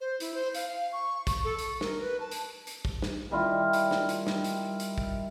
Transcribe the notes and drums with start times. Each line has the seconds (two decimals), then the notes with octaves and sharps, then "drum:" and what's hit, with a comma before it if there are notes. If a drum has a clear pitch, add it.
0.01 C5
0.20 E4, drum: hi-hat
0.34 C5
0.55 F5, drum: hi-hat
0.68 F5
0.93 C#6
1.27 C#6, drum: kick, hi-hat
1.44 A4
1.59 C#6, drum: hi-hat
1.81 A#4, drum: snare
2.01 B4
2.20 A5
2.31 drum: hi-hat
2.67 drum: hi-hat
2.85 drum: kick
3.02 drum: snare
3.31 D#3 G3 E4 F4
3.73 drum: hi-hat
3.91 drum: snare
4.09 drum: hi-hat
4.27 drum: snare
4.44 drum: hi-hat
4.80 drum: hi-hat
4.98 drum: kick